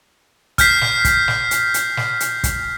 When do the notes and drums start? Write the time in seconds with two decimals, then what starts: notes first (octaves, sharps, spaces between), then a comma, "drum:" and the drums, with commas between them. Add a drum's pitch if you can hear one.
0.58 F6 G6 B6 C7, drum: kick, hi-hat
0.81 drum: snare
1.05 drum: kick, hi-hat
1.28 drum: snare
1.51 drum: hi-hat
1.74 drum: hi-hat
1.97 drum: snare
2.20 drum: hi-hat
2.44 drum: kick, hi-hat